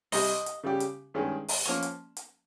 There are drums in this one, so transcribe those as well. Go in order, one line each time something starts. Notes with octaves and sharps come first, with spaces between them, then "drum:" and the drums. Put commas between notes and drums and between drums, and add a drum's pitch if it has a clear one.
C2 C3 G3 D#5, drum: open hi-hat
drum: hi-hat
C#3 G3 C#4 G4
drum: hi-hat
G2 D#3 G#3 C#4 G#4
drum: open hi-hat
F3 A#3 C#4 C#5
drum: hi-hat
drum: hi-hat